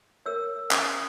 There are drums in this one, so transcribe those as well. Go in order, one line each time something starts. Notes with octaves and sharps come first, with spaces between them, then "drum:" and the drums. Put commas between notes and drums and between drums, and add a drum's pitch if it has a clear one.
A#4 C#5 E6
C#4 D#6, drum: clap